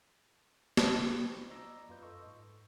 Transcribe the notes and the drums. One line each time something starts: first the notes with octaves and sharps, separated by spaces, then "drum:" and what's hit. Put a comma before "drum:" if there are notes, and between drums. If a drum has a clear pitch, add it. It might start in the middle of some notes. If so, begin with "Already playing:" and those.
drum: snare
C5 G5 B5 C#6 D6
D#4 F4
D5 D#5 A#5 D6 E6 A#6
F#2 F4 B4 G6
A4 D#5 C6 C#6 E6
G#2